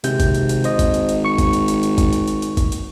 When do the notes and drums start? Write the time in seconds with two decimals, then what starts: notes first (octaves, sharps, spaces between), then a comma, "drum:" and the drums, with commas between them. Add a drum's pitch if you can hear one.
0.04 G#1 C3 G6, drum: hi-hat
0.20 drum: kick, hi-hat
0.35 drum: hi-hat
0.49 drum: hi-hat
0.64 C5 D#5, drum: hi-hat
0.79 drum: kick, hi-hat
0.94 drum: hi-hat
1.09 drum: hi-hat
1.25 C#6 C#7
1.38 drum: kick, hi-hat
1.53 drum: hi-hat
1.68 drum: hi-hat
1.83 drum: hi-hat
1.98 drum: kick, hi-hat
2.13 drum: hi-hat
2.28 drum: hi-hat
2.42 drum: hi-hat
2.57 drum: kick, hi-hat
2.72 drum: hi-hat